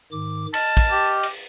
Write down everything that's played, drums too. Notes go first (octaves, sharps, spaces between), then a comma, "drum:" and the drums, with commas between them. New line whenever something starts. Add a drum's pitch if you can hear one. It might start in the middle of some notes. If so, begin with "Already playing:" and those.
G#2 D#3 D6
D#5 A5 F6, drum: cymbal
drum: kick, cymbal
G4
drum: cymbal